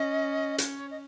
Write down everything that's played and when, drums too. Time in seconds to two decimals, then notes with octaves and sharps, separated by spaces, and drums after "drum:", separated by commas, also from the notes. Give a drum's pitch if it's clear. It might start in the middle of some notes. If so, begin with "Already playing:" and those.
Already playing: C#4 D#5
0.58 C#5, drum: hi-hat
0.91 D#5